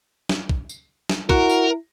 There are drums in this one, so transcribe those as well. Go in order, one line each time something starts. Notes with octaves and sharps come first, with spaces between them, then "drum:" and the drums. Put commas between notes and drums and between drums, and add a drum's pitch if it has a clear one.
drum: snare
drum: kick
drum: tambourine
drum: snare
E4 F#4 A#4, drum: kick
drum: tambourine